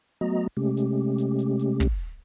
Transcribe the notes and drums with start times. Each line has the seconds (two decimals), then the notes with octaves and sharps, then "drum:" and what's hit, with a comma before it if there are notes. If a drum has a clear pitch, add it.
0.21 F#3 A3 B3 F#4 D#5 A#5
0.57 C3 G#3 A3 C#4 G4
0.77 drum: hi-hat
1.18 drum: hi-hat
1.39 drum: hi-hat
1.59 drum: hi-hat
1.80 drum: kick, hi-hat